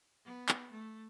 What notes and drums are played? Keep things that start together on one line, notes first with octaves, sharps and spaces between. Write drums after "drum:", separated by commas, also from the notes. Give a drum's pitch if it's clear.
B3
drum: clap
A3